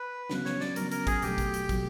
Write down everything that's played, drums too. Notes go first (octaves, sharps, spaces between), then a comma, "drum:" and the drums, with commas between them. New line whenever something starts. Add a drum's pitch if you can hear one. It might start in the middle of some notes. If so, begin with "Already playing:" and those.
Already playing: B4
C#3 F#3 B3, drum: snare
C#5, drum: snare
D5, drum: snare
C#3 F#3 B3 A#4, drum: hi-hat
A#4, drum: hi-hat
G#4, drum: kick, hi-hat
B2 F#3 A3 G4, drum: hi-hat
drum: kick, hi-hat
drum: hi-hat
B2 F#3 A3, drum: kick, hi-hat